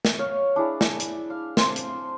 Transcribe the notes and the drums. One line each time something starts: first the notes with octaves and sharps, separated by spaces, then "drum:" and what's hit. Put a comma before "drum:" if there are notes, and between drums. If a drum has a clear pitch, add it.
drum: snare
C#5 F5
D4 E4 G#4
drum: snare
drum: hi-hat
F5
C4 C5 C6, drum: snare
drum: hi-hat